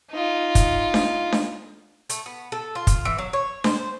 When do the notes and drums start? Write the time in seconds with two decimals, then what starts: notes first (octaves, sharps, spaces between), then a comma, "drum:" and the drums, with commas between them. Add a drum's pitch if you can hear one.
0.10 D#4 F4
0.55 drum: kick, hi-hat
0.94 drum: snare D4
1.32 drum: snare D4
2.10 A3, drum: hi-hat
2.26 B3
2.52 A4
2.75 F4
2.87 drum: kick, hi-hat
3.05 E3
3.18 F#3
3.33 C#5
3.64 C5, drum: snare D4